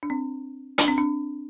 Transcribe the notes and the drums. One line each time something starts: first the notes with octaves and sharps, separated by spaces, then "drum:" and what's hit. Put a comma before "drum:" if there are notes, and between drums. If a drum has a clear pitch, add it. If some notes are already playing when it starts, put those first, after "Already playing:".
D4
C4
D4, drum: hi-hat
C4
D4